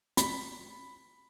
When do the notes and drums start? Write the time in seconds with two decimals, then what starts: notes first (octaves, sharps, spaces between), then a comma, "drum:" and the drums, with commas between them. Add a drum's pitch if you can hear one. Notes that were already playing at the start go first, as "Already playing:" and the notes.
0.17 B5, drum: hi-hat